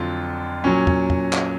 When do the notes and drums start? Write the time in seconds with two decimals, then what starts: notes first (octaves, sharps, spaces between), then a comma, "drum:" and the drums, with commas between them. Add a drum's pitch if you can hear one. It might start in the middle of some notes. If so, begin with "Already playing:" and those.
Already playing: F2 D3 F#3 F4
0.64 A#2 F#3 C#4
0.87 drum: tom
1.10 drum: tom
1.33 drum: clap